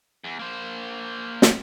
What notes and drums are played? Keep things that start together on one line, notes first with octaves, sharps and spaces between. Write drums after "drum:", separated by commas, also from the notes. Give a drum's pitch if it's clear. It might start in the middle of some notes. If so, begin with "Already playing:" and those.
E2
A#3 C5
drum: snare